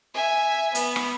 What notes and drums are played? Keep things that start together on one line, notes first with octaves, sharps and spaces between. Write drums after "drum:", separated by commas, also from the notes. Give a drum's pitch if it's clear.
E5 G#5
B3, drum: hi-hat
drum: rim click